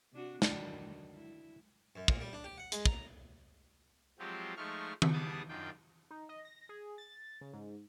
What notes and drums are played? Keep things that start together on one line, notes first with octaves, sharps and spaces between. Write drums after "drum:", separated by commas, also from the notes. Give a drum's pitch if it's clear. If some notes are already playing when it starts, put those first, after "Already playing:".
C3 D4 F#4
D3 D#3 F#3 D4, drum: snare
E4
F#2
A#2, drum: kick
G3
D4
G4
F#5
G#3, drum: hi-hat
A#5, drum: kick
F3 F#3 G#3 C4 F4 G4
F3 G#3 A3 D#4 C#6 F6
drum: tom D#3
G3 B3 G#4 A5 D6 D#6
F#2 D#3 D4 F4 G5
D#4
D#5
A#6
G#4
A6
C#3
G#2